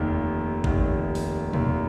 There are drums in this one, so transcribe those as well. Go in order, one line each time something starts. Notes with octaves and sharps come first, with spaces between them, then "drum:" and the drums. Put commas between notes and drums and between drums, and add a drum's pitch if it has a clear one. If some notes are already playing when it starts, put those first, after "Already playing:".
Already playing: F1 D#2 D#3
F1 D#2 D#3, drum: kick G#1
drum: open hi-hat
F1 D#2 D#3, drum: tom A#2